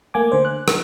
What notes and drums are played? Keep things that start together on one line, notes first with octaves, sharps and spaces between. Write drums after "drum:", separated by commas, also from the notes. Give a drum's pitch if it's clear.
A3 A#3 G#5 D6
D3 C5
F#6
drum: rim click